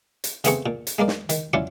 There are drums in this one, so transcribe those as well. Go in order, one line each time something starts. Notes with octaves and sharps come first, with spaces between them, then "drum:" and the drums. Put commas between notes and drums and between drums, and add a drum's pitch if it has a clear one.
drum: hi-hat
C#3 A3 B3 C4 G#4 C#6, drum: hi-hat
A#2
drum: hi-hat
G#3 A#3 A#4 D5
drum: snare
D#3, drum: hi-hat
F#3 C#4 E4 F4 D5 F#5